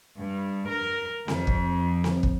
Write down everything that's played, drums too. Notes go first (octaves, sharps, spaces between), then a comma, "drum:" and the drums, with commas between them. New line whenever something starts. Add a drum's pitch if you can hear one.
G2
A#4
F2, drum: snare C4
drum: kick
drum: snare C4
drum: kick